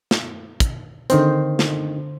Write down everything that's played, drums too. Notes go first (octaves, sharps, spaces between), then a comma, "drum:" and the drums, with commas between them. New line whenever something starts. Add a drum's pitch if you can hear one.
drum: snare
drum: kick, hi-hat
D3 D#3 C4 C5, drum: hi-hat
drum: snare